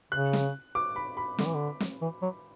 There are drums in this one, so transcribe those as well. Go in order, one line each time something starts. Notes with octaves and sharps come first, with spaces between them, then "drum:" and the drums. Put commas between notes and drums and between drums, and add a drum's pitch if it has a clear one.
C#3 F#6
drum: snare
D6
B5
B5
D3, drum: snare
E3
D3
drum: snare
E3
F#3